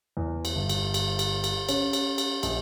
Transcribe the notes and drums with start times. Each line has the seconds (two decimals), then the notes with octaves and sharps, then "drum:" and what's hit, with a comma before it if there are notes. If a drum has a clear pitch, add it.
0.17 E2
0.45 drum: cymbal
0.55 G1
0.69 drum: cymbal
0.94 drum: cymbal
1.19 drum: cymbal
1.44 drum: cymbal
1.69 C#4, drum: cymbal
1.93 drum: cymbal
2.18 drum: cymbal
2.43 A#1, drum: cymbal